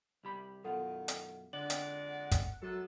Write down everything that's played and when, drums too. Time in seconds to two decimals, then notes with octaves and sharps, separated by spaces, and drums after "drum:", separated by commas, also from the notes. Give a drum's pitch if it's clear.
0.23 C2 G3 B5
0.64 F#2 B2 D#3 F4 A4 F#5
1.08 drum: hi-hat
1.53 F2 D3 G#3 D5 F#5 F#7
1.70 drum: hi-hat
2.31 drum: kick, hi-hat
2.62 F#2 F#3 G#3 B3 A4